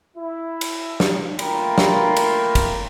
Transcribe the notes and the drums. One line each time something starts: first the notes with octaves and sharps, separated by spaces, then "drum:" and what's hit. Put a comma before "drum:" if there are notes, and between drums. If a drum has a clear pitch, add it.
E4
drum: cymbal
drum: snare
A3 A#3 F4 A#4 G5 B5, drum: cymbal
drum: snare
drum: cymbal
drum: kick, cymbal